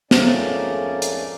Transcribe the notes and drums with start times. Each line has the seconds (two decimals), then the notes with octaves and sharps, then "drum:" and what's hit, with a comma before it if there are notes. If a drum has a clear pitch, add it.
0.11 F2 G#2 A3 A#3 C#4 D5, drum: snare
1.02 drum: hi-hat